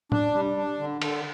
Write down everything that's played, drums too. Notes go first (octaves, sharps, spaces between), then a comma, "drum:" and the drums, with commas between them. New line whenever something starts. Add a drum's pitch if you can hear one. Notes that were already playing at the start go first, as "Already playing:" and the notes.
D4, drum: tom
G3
D4
D3
D3, drum: cymbal